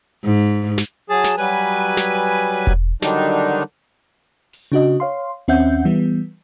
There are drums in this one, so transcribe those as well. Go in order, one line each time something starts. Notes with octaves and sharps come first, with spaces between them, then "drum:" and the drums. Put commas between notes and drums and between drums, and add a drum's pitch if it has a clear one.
G#2
drum: snare
F#3 G#4 A5
drum: snare
F#3 G3 B4 G#5, drum: open hi-hat
drum: snare
drum: kick E1
D3 D#3 F#3 G3 D4 D#4, drum: snare
drum: open hi-hat
C#3 D4 F#4 D#5
C#5 F5 C6
D#2 C4 C#4 E5 F#5 G6
E3 G3 B3